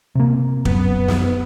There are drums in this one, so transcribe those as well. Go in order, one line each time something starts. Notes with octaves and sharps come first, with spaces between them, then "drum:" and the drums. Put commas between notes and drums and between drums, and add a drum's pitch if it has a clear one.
C3 A#3
F#2 B3, drum: kick
drum: snare